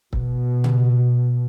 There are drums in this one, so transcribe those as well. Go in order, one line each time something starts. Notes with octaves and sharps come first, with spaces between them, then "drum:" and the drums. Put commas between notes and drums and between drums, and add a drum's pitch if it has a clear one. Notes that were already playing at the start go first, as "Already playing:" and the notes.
B2, drum: kick
drum: tom C#3